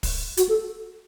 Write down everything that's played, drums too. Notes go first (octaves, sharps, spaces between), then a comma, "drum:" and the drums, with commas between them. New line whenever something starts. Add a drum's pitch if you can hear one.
drum: kick, open hi-hat
F#4, drum: hi-hat
A4